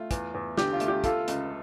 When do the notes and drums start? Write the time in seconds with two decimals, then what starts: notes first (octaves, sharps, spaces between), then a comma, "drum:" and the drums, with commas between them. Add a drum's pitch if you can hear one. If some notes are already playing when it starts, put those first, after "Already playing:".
Already playing: A3 F4
0.11 E2, drum: kick, hi-hat
0.34 E2
0.57 D3 G4, drum: snare
0.73 F4
0.80 A3, drum: hi-hat
0.88 G4
1.04 A3 F4 A4, drum: kick, hi-hat
1.28 C#2, drum: hi-hat